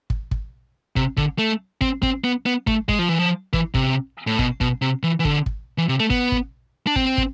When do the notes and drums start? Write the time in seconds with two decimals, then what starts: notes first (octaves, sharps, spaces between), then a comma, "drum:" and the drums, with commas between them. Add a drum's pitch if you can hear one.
0.10 drum: kick
0.31 drum: kick
0.96 C3, drum: kick
1.17 D3, drum: kick
1.39 A3
1.81 C4, drum: kick
2.03 C4, drum: kick
2.24 B3
2.46 B3
2.67 A3, drum: kick
2.89 G#3, drum: kick
2.99 F3
3.09 E3
3.19 F3
3.53 E3, drum: kick
3.74 C3, drum: kick
4.27 A2
4.39 B2, drum: kick
4.61 B2, drum: kick
4.82 C3
5.03 E3
5.20 E3
5.25 D3, drum: kick
5.46 drum: kick
5.78 E3
5.89 C3
6.00 A3
6.10 B3, drum: kick
6.32 drum: kick
6.87 D4
6.96 C4, drum: kick
7.18 drum: kick